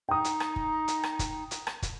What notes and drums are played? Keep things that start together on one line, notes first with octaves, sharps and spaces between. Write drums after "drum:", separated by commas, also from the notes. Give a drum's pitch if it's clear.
D#4 G5 D#6
drum: hi-hat
drum: rim click
drum: kick
drum: hi-hat
drum: rim click
drum: kick, hi-hat
drum: hi-hat
drum: rim click
drum: kick, hi-hat